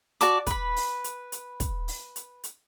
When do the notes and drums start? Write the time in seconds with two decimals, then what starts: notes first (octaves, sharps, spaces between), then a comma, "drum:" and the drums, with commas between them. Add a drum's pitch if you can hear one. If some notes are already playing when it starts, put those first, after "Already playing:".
0.21 F#4 D5 A5 D6, drum: hi-hat
0.47 B4 B5, drum: kick, hi-hat
0.76 drum: open hi-hat
1.04 drum: hi-hat
1.32 drum: hi-hat
1.60 drum: kick, hi-hat
1.88 drum: open hi-hat
2.16 drum: hi-hat
2.44 drum: hi-hat